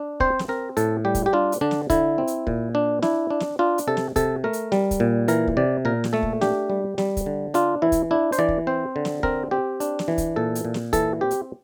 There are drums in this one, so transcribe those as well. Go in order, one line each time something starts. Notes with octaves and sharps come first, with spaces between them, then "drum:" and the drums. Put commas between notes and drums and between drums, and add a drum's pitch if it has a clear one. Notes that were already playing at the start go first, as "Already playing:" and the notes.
Already playing: D4
C4 C5, drum: kick
drum: snare
C4 A#4
A2 A4, drum: hi-hat
G3 G4
drum: kick, hi-hat
G4
D4 F4
drum: hi-hat
D3 D4
drum: snare
D3 E4, drum: kick, hi-hat
C4
drum: hi-hat
A#2, drum: kick
D4
D4 E4, drum: snare
D4
drum: snare
D4 F4
drum: hi-hat
C3 A4
drum: snare
C3 A4, drum: kick, hi-hat
A3 A#4
drum: hi-hat
G3, drum: snare
drum: kick, hi-hat
A#2
E3 A#4, drum: hi-hat
drum: kick
C3 D5
A#2 A#4
drum: snare
A3 A4
drum: kick
D4 G4, drum: snare
G3
G3, drum: snare
drum: kick, hi-hat
D3
D4 F4, drum: hi-hat
E3 E4
drum: kick, hi-hat
D4 E4
C5, drum: hi-hat
E3 D5
drum: kick
C4 C5
D3
drum: snare
C4 A#4, drum: kick
C4 G4
D4, drum: hi-hat
drum: snare
E3
drum: kick, hi-hat
A#2 A4
drum: hi-hat
A#2
drum: snare
E3 A4, drum: kick, hi-hat
C4 G4
drum: hi-hat